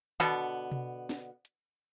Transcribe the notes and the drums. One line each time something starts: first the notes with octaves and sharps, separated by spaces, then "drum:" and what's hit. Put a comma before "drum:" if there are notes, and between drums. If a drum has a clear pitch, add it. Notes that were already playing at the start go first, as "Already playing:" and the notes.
B2 D3 B3, drum: tom D#3
drum: tom B2
drum: snare
drum: hi-hat